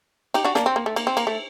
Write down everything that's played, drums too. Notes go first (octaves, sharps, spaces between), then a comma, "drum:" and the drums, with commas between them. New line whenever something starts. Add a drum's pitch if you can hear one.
D#4 G4, drum: cymbal
D4 F#4
A#3 D4, drum: snare
C4
A#3
A3
A#3, drum: cymbal
C4
A#3, drum: cymbal
A3